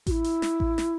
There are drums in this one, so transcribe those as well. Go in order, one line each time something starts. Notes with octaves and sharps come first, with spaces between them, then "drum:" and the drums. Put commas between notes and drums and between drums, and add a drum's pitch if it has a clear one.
F#4, drum: kick A1, hi-hat
E4
drum: hi-hat
drum: snare
drum: kick A1
drum: snare